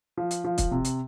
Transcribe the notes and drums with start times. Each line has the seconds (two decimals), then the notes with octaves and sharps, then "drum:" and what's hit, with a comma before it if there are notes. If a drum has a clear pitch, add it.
0.17 F3
0.31 drum: hi-hat
0.44 F3
0.58 drum: kick, hi-hat
0.71 C3
0.85 drum: hi-hat